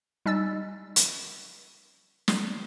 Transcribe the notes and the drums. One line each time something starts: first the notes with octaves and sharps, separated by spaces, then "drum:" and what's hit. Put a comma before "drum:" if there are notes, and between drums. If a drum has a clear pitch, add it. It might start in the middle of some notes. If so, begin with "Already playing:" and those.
G3 D#4 D#5 G#5 E6 A6
drum: hi-hat
drum: snare